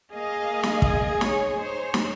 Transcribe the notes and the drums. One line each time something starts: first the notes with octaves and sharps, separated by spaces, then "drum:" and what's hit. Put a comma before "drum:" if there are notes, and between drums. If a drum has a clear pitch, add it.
A#3 G#4 D#5 F5
drum: snare
drum: kick
C#5, drum: snare
D#4 C5 C#5
drum: snare